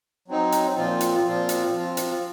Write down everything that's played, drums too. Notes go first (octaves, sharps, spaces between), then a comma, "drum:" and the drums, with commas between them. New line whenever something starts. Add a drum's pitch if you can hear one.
F#3 C4 D#4
drum: hi-hat
A#2 F3 C4 F4
drum: hi-hat
A#2 F3 C4 F4
drum: hi-hat
F3 C4 F4
drum: hi-hat